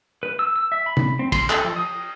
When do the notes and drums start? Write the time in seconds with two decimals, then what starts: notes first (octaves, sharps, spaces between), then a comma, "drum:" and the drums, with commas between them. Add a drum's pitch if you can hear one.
0.23 B4
0.39 E6
0.56 E6
0.72 E5
0.86 B5
0.97 drum: tom
1.19 C4
1.32 C6, drum: kick, cymbal
1.50 A4, drum: clap
1.64 F3
1.76 D#6